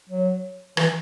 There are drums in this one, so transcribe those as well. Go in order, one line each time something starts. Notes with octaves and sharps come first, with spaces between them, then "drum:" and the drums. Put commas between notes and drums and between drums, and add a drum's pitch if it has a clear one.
F#3
E3, drum: rim click